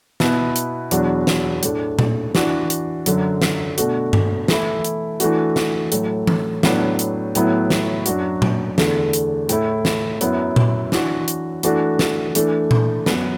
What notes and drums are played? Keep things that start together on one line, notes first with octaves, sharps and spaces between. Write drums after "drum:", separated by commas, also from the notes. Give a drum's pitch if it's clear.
B2 B3 E4, drum: snare
drum: hi-hat
E2 B2 F#3 D4 F#4, drum: hi-hat
drum: snare
A2 A3 D4, drum: hi-hat
drum: tom A#2
E3 D4 F#4, drum: snare
drum: hi-hat
F#2 D3 F#3, drum: hi-hat
drum: snare
B2 A3 D4 F#4, drum: hi-hat
drum: tom G2
E3 A3 E4, drum: snare
drum: hi-hat
E3 A3 D4 F#4, drum: hi-hat
drum: snare
A2 F#3 A3, drum: hi-hat
drum: tom E3
A2 F#3 B3 D4, drum: snare
drum: hi-hat
A2 F#3 B3 E4, drum: hi-hat
drum: snare
F#2 F#3 D4 F#4, drum: hi-hat
drum: tom A#2
E2 D3 A3, drum: snare
drum: hi-hat
A2 A3 E4, drum: hi-hat
drum: snare
F#2 F#3 B3 E4, drum: hi-hat
drum: tom A#2
E3 D4 F#4, drum: snare
drum: hi-hat
E3 A3 D4 F#4, drum: hi-hat
drum: snare
E3 A3 D4, drum: hi-hat
drum: tom A#2
F#2 F#3 B3, drum: snare